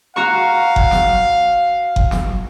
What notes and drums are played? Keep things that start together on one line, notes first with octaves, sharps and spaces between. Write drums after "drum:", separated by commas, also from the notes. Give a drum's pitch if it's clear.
F#4 F5 A#5 C#6
drum: kick F#1
drum: snare
drum: kick F#1
drum: snare